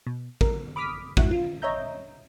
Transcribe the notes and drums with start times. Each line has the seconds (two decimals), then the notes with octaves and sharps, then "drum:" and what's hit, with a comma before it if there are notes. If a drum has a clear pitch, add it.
0.07 B2
0.41 A#4, drum: kick A1
0.76 B5 D6 D#6 F6 B6
1.17 F2 G#2 E4 F#4 F#6, drum: kick A1
1.31 F4
1.62 C#5 D#5 E5 A#5 G6